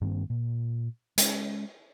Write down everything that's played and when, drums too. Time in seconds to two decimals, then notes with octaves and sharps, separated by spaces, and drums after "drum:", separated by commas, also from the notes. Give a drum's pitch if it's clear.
0.01 G2 D#3 A#3 C4
0.30 A#2
1.18 G#3 C#4, drum: hi-hat